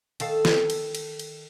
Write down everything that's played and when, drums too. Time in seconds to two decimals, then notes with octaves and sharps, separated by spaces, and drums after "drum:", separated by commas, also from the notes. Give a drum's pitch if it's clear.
0.20 D#3 A4 F5, drum: cymbal
0.45 drum: snare
0.70 drum: cymbal
0.95 drum: cymbal
1.19 drum: cymbal